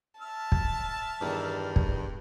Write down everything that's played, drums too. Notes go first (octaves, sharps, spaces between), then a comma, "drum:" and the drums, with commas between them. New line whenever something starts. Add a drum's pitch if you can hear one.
E5 A5 E6 F6
drum: kick
E2 G2 D#3
drum: kick